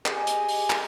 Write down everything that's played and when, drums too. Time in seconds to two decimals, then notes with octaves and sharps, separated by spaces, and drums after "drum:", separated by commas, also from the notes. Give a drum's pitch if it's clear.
0.06 G4 G#4 D#5 G#5, drum: clap
0.27 drum: hi-hat
0.48 drum: open hi-hat
0.70 drum: clap